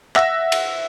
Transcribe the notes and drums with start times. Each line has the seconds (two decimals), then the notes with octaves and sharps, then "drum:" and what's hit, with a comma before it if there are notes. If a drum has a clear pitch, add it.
0.16 E5 F#5 E6 A#6, drum: clap
0.52 drum: cymbal